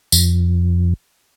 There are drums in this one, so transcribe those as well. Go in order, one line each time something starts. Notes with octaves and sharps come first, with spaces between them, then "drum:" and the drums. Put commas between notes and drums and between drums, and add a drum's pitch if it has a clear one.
F2, drum: tambourine